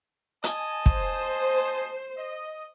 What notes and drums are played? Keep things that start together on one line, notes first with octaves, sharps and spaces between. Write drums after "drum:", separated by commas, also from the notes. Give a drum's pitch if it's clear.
D#5 G#5 A5, drum: hi-hat
C5, drum: kick
D#5